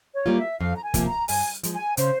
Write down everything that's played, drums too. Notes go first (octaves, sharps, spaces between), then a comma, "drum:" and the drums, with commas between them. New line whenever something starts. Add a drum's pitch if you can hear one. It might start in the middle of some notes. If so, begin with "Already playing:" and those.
C#5
G3 A#3 F4
E5
F2 F5
A#5
G#5
C3 F3 A#3, drum: kick, hi-hat
A#5
G2 G#5, drum: open hi-hat
F3 G#3, drum: hi-hat
G#5
C#3 C5, drum: hi-hat